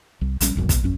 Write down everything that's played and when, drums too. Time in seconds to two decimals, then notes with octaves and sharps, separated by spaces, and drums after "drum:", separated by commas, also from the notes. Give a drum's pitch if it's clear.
0.21 C2
0.41 A#1 G3 C#4, drum: hi-hat
0.55 D#1 B1 F#2 B2
0.69 G#1 B2, drum: kick, hi-hat
0.83 D#1 F#2 C#4